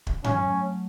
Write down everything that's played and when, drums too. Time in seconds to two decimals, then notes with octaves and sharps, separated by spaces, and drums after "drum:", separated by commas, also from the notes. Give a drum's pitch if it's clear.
0.07 drum: kick
0.24 F#3 C#4, drum: tom G2
0.50 A3